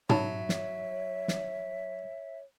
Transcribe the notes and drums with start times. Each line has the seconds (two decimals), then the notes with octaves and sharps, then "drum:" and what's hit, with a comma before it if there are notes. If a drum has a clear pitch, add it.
0.10 F#3 D#4 C#5 E5 B5, drum: tom
0.49 drum: snare
1.28 drum: snare